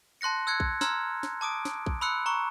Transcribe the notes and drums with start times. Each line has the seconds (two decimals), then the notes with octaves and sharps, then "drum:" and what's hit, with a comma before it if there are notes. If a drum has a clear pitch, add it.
0.21 A5 C6 F#6 A#6 C#7
0.47 E6 F#6 G#6 C#7
0.60 drum: kick A#1
0.81 A#5 C6 E6 F6 G#6, drum: snare
1.23 drum: snare
1.41 A5 D6 D#6 D7
1.65 drum: snare
1.86 drum: kick A#1
2.01 B5 C6 E6 F#6 C#7
2.26 A#5 C#6